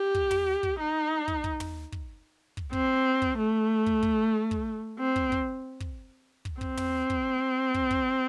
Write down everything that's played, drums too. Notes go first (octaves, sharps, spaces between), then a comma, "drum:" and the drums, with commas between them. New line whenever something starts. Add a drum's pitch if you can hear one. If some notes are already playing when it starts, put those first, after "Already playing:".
Already playing: G4
drum: kick
drum: tom
drum: kick
D#4
drum: kick
drum: kick
drum: tom
drum: kick
drum: kick
C4, drum: kick
drum: kick
A3
drum: kick
drum: kick
drum: kick
C4
drum: kick
drum: kick
drum: kick
drum: kick
C4, drum: kick
drum: tom
drum: kick
drum: kick
drum: kick